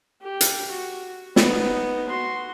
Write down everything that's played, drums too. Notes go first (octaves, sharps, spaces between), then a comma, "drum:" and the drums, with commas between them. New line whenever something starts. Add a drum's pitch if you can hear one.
G4
drum: hi-hat
F#4
B3 D#4, drum: snare
F#4 C6